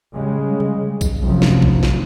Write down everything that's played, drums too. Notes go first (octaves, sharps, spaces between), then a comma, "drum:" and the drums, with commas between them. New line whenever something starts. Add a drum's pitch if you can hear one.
C#3 G3 G#3
drum: tom C3
drum: kick A#1, tambourine
F1 F#2 C3 F3
drum: snare
drum: kick A#1
drum: snare